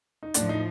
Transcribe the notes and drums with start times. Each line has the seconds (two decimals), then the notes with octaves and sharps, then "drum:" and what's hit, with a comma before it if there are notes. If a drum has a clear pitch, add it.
0.23 D#4
0.34 A2 F3 A3 D4, drum: hi-hat
0.49 D#4